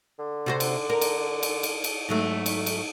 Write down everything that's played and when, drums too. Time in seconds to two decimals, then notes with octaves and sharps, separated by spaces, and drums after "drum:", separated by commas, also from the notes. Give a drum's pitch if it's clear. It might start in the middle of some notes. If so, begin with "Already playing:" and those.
0.19 D3
0.46 C3 F#4 C5
0.60 drum: cymbal
0.90 A#4
1.01 drum: cymbal
1.43 drum: cymbal
1.63 drum: cymbal
1.84 drum: cymbal
2.09 G#2 F#3 A3
2.46 drum: cymbal
2.66 drum: cymbal